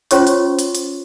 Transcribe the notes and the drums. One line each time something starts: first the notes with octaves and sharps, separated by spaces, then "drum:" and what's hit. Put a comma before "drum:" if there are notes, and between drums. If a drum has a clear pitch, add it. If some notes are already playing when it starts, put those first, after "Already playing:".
C#4 F4 C5 C#5 C6 C#6, drum: hi-hat
drum: hi-hat
drum: hi-hat
drum: hi-hat